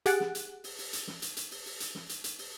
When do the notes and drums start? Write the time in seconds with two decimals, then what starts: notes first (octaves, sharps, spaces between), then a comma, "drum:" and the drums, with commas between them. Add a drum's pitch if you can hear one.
0.06 G4 G#4 F#5 F#6 A6 D7, drum: hi-hat
0.20 drum: snare
0.35 drum: hi-hat
0.64 drum: open hi-hat
0.78 drum: open hi-hat
0.93 drum: hi-hat
1.07 drum: snare
1.22 drum: hi-hat
1.37 drum: hi-hat
1.51 drum: open hi-hat
1.66 drum: open hi-hat
1.80 drum: hi-hat
1.95 drum: snare
2.09 drum: hi-hat
2.24 drum: hi-hat
2.38 drum: open hi-hat